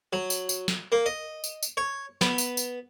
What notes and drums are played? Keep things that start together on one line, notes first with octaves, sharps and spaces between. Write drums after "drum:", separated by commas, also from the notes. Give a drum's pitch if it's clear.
F#3
drum: tambourine
drum: tambourine
drum: snare
A#3
D#5
drum: tambourine
drum: tambourine
C#5
B3, drum: snare
drum: tambourine
drum: tambourine